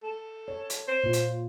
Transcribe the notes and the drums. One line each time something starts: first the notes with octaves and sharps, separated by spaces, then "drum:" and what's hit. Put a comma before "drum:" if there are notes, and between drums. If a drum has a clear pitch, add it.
A4
C#5
drum: hi-hat
C5
A#2 F4
drum: hi-hat